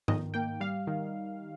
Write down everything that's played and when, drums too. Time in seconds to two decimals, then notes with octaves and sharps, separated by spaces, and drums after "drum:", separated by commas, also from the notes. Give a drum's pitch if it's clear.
0.08 D#3 D#5, drum: tom G#2
0.34 A#3 G5
0.60 G3 F5
0.87 D#3